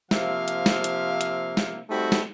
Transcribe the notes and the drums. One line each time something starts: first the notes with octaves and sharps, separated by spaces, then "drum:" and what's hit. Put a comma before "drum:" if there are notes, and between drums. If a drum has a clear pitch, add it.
C3 F3 A#3 E5 F5, drum: snare
drum: hi-hat
drum: snare
drum: hi-hat
drum: hi-hat
drum: snare
G3 A3 C4 D#4 F#4
drum: snare